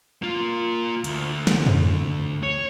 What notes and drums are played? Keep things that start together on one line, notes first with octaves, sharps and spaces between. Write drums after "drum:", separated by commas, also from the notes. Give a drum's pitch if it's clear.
A#3 F4
D2, drum: hi-hat
drum: snare
drum: tom F2
C#5